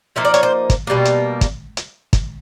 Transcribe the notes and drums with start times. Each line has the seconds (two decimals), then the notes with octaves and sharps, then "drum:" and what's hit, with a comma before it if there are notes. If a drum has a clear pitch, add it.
0.16 F3 A#3 D#4 E5
0.25 D5
0.34 C#5, drum: hi-hat
0.43 C5
0.70 drum: kick, hi-hat
0.87 B2 G3 A#3
1.05 drum: hi-hat
1.41 drum: kick, hi-hat
1.77 drum: hi-hat
2.13 drum: kick, hi-hat